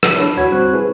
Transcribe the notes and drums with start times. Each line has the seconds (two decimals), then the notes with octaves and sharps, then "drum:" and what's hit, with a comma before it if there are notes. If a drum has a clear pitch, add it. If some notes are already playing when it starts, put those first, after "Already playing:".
0.03 drum: rim click
0.15 D4 E4 C#5 A5 B5
0.37 D#2 F#4 C#5 F#5 B5 G#6
0.52 G3 C4 F#4 C5 C#6 F#6
0.73 E4 G#4 B4